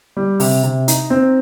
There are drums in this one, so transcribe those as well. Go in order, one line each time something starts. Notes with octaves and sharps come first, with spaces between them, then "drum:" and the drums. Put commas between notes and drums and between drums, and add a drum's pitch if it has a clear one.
G3
C3, drum: open hi-hat
C3
D#4, drum: hi-hat
C4